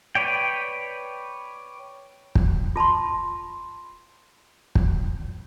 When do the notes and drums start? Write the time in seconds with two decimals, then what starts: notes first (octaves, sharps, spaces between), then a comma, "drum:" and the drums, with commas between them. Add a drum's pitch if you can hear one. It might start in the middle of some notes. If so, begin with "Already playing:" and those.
0.15 B4 C#5 D5 G5
2.35 drum: kick
2.76 F4 A5 B5 C6
4.75 drum: kick